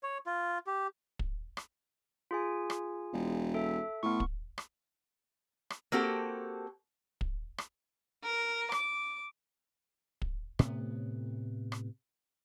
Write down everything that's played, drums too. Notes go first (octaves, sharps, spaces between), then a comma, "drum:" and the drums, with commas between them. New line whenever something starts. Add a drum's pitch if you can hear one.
C#5
F4
G4
drum: kick
drum: rim click
F4 G#4 G#5
drum: rim click
E1
A4 E5
A2 B3 C#6
drum: kick
drum: rim click
drum: rim click
A#3 C4 F#4 G4 A4
drum: kick
drum: rim click
A#4
D6, drum: rim click
drum: kick
A2 C3 B3, drum: rim click
drum: rim click